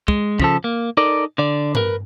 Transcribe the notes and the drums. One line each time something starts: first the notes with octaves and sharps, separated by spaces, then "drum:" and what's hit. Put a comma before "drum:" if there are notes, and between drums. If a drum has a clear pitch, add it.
G#3, drum: kick
C#3 F3 A4, drum: kick
A#3
D#4 A4 A#4 D5
D3 D5
A#4 B4, drum: tom G2